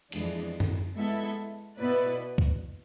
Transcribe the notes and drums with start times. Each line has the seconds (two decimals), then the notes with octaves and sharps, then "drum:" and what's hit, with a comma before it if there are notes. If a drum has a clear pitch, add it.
0.12 F2 E3 G#3 B3 D4, drum: cymbal
0.60 drum: tom F#2
0.95 G#3 B3 E4 A4 E5
1.79 B2 B3 E4 B4 D5
2.38 drum: kick